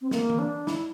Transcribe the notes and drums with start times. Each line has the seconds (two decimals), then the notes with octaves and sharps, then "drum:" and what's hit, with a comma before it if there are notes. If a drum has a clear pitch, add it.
0.01 C4
0.11 A#3, drum: snare
0.30 drum: tom E3
0.39 D4
0.67 E4, drum: snare